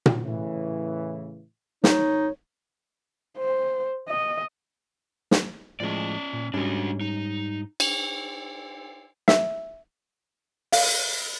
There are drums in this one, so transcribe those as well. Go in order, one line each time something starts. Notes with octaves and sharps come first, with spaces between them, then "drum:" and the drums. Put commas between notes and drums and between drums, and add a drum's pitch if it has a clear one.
drum: tom A#2
A2 C#3 E3
G#1 D#3 D#4 C#5, drum: snare
C5
D#5
drum: snare
A2 F3 G#3 C#4 D5
A#2
G#2 G3 C#4 D4 F#4
D#4
drum: cymbal
E5, drum: snare
F5, drum: open hi-hat